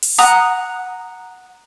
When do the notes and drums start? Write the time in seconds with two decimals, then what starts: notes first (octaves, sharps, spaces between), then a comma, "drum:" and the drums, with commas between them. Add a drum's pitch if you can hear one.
0.03 drum: open hi-hat
0.18 F#5 A#5 D#6 F#6